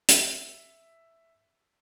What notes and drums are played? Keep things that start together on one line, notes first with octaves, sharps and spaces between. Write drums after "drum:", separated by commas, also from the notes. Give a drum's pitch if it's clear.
E5 G7, drum: hi-hat